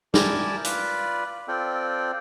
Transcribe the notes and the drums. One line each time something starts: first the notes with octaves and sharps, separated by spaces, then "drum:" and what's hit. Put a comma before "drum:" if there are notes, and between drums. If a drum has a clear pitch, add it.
E4 G4 A#4 D5 G#5 A5, drum: snare
F4 B4 D5 B5, drum: hi-hat
C4 F4 A4 D5 G5